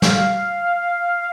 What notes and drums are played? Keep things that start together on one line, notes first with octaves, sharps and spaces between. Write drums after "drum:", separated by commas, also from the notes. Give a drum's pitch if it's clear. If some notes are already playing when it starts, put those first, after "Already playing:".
F5, drum: snare